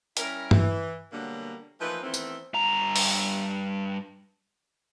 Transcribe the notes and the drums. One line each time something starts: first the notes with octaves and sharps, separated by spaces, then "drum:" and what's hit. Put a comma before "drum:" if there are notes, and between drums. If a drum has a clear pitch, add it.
G3 C#4 E4 A#4, drum: hi-hat
E3, drum: tom G2
B2 D3 F#3 G3 A#3
E3 F3 A3 A#3 D#4 B4
D#3 E3 A3 B3 C4
drum: tambourine
G2 A#5
drum: open hi-hat